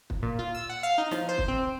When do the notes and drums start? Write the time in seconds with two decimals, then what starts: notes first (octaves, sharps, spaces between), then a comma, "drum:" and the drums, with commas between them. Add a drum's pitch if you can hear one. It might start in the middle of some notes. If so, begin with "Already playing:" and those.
0.10 drum: kick
0.22 A#2
0.39 F4
0.55 E6
0.69 F#5
0.83 F5
0.98 D#4
1.11 F3, drum: snare
1.29 C5
1.38 drum: kick
1.48 C4